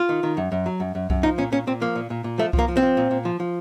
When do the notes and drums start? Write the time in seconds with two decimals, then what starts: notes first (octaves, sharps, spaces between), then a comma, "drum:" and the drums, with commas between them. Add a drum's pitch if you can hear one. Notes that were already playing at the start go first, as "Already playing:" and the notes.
Already playing: F4
0.09 D#3
0.23 D#3
0.37 F#2
0.52 F#2
0.66 F#3
0.80 F#2
0.95 F#2
1.10 F#2, drum: kick C2
1.23 F3 D#4
1.38 A#2 C#4
1.52 A#2 C#4
1.67 A#2 C4
1.81 F3 A#3
1.96 A#2
2.10 A#2
2.24 A#2
2.38 F3 A3
2.53 F3, drum: kick C2
2.59 A#3
2.68 F3
2.77 C4
2.82 F3
2.97 A#2
3.11 A#2
3.25 F3
3.40 F3